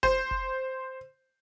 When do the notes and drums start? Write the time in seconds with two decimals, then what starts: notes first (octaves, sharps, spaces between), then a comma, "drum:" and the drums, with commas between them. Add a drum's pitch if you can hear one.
0.03 C5, drum: kick F1
0.31 drum: kick F1